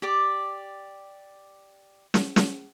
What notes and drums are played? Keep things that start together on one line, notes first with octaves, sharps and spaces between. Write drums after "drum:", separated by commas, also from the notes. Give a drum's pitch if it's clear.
G4 D5 D6
drum: snare
drum: snare